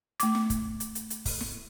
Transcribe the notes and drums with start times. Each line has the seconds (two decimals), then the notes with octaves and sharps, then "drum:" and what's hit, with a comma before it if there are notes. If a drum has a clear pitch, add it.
0.20 A3 D6, drum: hi-hat
0.35 drum: snare
0.50 drum: kick, hi-hat
0.80 drum: hi-hat
0.95 drum: hi-hat
1.10 drum: hi-hat
1.25 drum: kick, open hi-hat
1.41 drum: snare